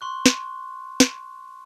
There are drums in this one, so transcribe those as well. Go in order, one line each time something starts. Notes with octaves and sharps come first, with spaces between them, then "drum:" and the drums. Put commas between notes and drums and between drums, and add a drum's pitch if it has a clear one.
C6 C#6 F#6
drum: snare
drum: snare